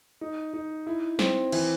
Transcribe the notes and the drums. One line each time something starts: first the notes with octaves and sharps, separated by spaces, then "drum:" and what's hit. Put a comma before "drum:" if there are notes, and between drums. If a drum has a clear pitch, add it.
D#4
D#4
E4
C4, drum: snare
E3, drum: cymbal